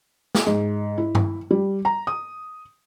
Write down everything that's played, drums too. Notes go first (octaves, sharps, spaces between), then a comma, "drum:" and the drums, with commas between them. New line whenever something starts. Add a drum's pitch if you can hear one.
drum: snare
G#2
E4
drum: tom G2
G3
A#5
D#6